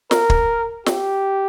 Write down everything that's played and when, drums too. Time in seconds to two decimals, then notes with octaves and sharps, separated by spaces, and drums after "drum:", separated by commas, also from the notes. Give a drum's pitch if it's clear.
0.11 A#4, drum: snare
0.30 drum: kick
0.86 G4, drum: snare